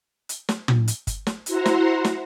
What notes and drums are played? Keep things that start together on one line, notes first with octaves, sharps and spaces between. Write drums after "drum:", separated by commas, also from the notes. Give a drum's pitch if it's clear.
drum: hi-hat
drum: snare
drum: tom
drum: hi-hat
drum: kick, hi-hat
drum: snare
E4 F#4 C5 F#5 A#5 C6, drum: hi-hat
drum: snare
drum: snare